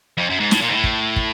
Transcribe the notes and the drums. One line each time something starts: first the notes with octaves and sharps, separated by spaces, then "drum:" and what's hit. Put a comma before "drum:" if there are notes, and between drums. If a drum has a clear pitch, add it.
F2
F#2
G#2
A2, drum: snare
A#2
G#2
A2
drum: kick
drum: kick